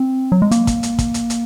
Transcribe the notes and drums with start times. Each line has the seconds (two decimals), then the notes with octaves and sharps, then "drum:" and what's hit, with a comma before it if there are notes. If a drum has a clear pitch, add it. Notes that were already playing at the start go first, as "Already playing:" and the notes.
Already playing: C4
0.32 F#3
0.42 G#3
0.51 A#3, drum: hi-hat
0.67 drum: kick, hi-hat
0.83 drum: hi-hat
0.99 drum: kick, hi-hat
1.14 drum: hi-hat
1.30 drum: hi-hat